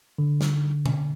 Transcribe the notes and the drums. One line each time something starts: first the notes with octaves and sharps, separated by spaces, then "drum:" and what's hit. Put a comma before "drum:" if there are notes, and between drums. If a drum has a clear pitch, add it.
D3
drum: snare
drum: tom B2